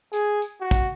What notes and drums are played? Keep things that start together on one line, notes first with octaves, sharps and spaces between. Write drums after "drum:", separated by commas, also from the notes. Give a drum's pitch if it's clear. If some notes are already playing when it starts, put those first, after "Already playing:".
G#4, drum: tambourine
drum: tambourine
F#4
drum: kick, tambourine